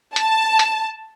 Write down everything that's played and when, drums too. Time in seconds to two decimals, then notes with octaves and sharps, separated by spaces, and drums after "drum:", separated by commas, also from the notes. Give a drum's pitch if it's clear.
0.16 A5, drum: hi-hat
0.59 drum: hi-hat